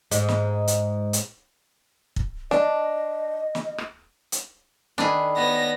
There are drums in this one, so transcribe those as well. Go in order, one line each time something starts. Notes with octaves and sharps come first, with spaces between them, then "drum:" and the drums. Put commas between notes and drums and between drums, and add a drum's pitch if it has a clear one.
G#2 G#3, drum: hi-hat
drum: snare
drum: hi-hat
drum: hi-hat
drum: kick
D4 D#5, drum: snare
drum: snare
drum: rim click
drum: hi-hat
D#3 D4 G#4 A4 B4, drum: snare
B3 C#5 G#5 A#6